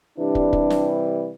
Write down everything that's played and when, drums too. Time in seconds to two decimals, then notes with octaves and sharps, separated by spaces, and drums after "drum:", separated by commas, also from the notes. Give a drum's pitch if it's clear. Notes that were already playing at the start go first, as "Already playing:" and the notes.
0.17 C3 E3 G3 D4
0.35 drum: kick
0.53 drum: kick
0.70 drum: snare